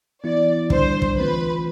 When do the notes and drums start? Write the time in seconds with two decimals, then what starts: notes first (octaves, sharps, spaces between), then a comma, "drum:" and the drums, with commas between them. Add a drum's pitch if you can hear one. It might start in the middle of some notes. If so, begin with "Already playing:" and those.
0.24 E3 B3 E4 D5
0.70 D3 G3 D4 C5, drum: kick
1.02 drum: kick
1.17 E3 A3 C4 F4 B4